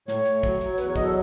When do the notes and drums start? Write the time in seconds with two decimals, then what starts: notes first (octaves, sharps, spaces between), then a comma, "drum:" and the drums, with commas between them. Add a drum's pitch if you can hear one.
0.08 A2 C#5, drum: snare
0.25 A2, drum: hi-hat
0.43 F#3, drum: kick, hi-hat
0.61 F#3, drum: hi-hat
0.73 C#5
0.78 E2 B4, drum: hi-hat
0.87 C#5
0.96 F#3 D#5, drum: kick, hi-hat
1.04 A4